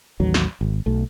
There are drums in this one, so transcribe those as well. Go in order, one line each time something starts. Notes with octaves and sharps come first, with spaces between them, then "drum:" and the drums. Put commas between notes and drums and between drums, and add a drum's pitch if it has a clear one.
A1 D#2 F#3
drum: snare
G#1
B1 A3